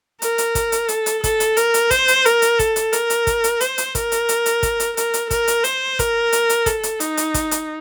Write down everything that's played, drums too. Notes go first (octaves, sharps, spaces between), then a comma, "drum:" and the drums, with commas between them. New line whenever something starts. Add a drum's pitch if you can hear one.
A#4, drum: hi-hat
drum: hi-hat
drum: kick, hi-hat
drum: hi-hat
A4, drum: hi-hat
drum: hi-hat
A4, drum: kick, hi-hat
drum: hi-hat
A#4, drum: hi-hat
drum: hi-hat
C5, drum: kick, hi-hat
drum: hi-hat
A#4, drum: hi-hat
drum: hi-hat
A4, drum: kick, hi-hat
drum: hi-hat
A#4, drum: hi-hat
drum: hi-hat
drum: kick, hi-hat
drum: hi-hat
C5, drum: hi-hat
drum: hi-hat
A#4, drum: kick, hi-hat
drum: hi-hat
drum: hi-hat
drum: hi-hat
drum: kick, hi-hat
drum: hi-hat
A#4, drum: hi-hat
drum: hi-hat
A#4, drum: kick, hi-hat
drum: hi-hat
C5, drum: hi-hat
A#4, drum: kick, hi-hat
drum: hi-hat
drum: hi-hat
A4, drum: kick, hi-hat
drum: hi-hat
D#4, drum: hi-hat
drum: hi-hat
drum: kick, hi-hat
drum: hi-hat